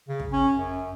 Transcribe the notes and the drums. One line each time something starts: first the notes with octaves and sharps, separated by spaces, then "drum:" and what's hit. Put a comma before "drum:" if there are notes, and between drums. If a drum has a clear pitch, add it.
C#3
drum: kick
C#4
F#2